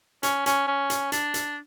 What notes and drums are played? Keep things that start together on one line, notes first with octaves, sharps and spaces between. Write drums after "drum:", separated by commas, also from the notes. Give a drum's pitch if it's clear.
C#4, drum: hi-hat
C#4, drum: hi-hat
C#4
drum: hi-hat
D4, drum: hi-hat
drum: hi-hat